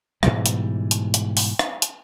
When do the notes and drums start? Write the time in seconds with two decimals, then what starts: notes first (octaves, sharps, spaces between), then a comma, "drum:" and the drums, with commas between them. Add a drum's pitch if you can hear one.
0.23 G#2 B2 E3 G3, drum: rim click
0.46 drum: hi-hat
0.91 drum: hi-hat
1.14 drum: hi-hat
1.37 drum: open hi-hat
1.59 drum: rim click
1.82 drum: hi-hat